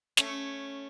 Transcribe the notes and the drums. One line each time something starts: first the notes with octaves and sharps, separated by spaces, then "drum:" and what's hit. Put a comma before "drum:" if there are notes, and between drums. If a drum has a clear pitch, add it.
A3 C#4, drum: snare